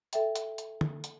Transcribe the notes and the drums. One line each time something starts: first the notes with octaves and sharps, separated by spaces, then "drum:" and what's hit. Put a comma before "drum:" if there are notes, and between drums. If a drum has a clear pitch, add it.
A4 E5 G5, drum: hi-hat
drum: hi-hat
drum: hi-hat
drum: tom
drum: hi-hat